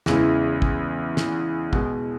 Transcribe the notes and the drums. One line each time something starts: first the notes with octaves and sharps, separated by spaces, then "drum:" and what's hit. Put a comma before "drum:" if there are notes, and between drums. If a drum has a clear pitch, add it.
E2 C#3 E3 G#3, drum: snare
drum: kick
drum: snare
B2 G#3, drum: kick